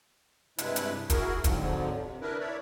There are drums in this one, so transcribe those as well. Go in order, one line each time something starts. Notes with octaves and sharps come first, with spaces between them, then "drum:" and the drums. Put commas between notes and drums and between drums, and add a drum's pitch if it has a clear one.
G2 C3 G#3 E4 B4, drum: hi-hat
drum: hi-hat
E4 F#4 G#4 A#4, drum: kick, hi-hat
F2 G#2 D3 F3 F#3, drum: kick, hi-hat
C3
D4 E4 A#4 B4
C#5 D5 E5